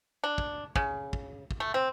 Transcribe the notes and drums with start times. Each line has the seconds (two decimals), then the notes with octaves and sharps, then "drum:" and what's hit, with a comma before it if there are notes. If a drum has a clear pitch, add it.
0.24 D4
0.38 drum: kick
0.76 C#3, drum: kick
1.13 drum: kick
1.51 drum: kick
1.60 A3
1.74 C4